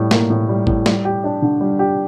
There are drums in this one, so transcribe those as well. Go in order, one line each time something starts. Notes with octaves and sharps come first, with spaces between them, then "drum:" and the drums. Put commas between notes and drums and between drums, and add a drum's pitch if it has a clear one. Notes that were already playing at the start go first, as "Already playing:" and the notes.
Already playing: A2 G3
A#3, drum: snare
A2
G3
A2, drum: kick G#1
G3, drum: snare
G4
D4
D3
G3
G4